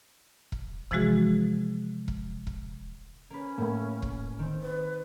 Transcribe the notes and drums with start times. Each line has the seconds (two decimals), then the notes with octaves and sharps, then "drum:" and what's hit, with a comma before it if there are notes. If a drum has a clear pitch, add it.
0.52 drum: kick E1
0.91 C3 E3 F3 G#3 F#4 G#4, drum: kick E1
2.08 drum: kick E1
2.47 drum: kick E1
3.30 A#3 C#4 B4
3.58 A2 A3 A#3
4.02 drum: kick E1
4.39 D#3 C4
4.62 B4